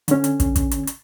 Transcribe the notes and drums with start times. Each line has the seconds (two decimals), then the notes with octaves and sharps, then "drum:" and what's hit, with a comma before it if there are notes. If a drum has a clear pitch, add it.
0.08 D3 C#4, drum: hi-hat
0.24 drum: hi-hat
0.40 drum: kick, hi-hat
0.56 drum: kick, hi-hat
0.71 drum: hi-hat
0.87 drum: hi-hat